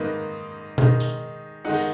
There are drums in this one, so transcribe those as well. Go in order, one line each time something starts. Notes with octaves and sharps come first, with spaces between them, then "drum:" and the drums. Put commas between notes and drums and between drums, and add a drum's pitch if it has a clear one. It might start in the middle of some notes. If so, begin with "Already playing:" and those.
Already playing: G#2 D#3 A#3 D#4 B4
D#3 G#3 D#4, drum: tom B2
drum: hi-hat
D#3 G#3 D#4 F#5
drum: open hi-hat